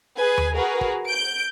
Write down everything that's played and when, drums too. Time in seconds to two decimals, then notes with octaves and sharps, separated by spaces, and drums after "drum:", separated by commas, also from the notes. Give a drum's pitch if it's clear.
0.16 G#4 B4 G#5
0.38 drum: tom D#2
0.54 F#4 G#4 A#4 B4
0.81 drum: kick
1.07 G6 D7